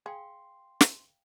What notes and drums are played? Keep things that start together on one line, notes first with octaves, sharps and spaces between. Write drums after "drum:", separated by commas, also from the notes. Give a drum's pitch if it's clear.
G#4 F5 G5 C6
drum: snare